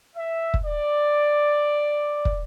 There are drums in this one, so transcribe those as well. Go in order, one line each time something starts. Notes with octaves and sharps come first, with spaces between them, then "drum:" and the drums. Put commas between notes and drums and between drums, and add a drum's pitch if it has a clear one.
E5
drum: kick
D5
drum: kick